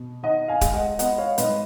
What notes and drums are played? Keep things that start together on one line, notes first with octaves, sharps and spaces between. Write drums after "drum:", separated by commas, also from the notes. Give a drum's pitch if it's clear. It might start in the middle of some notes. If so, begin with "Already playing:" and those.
Already playing: B2
D#3 D#5 F#5
F5 G#5
G#3, drum: kick D1, hi-hat
D#5 F#5
B3 D#5 F#5, drum: hi-hat
C#5 F5
G#2 B4 D#5, drum: hi-hat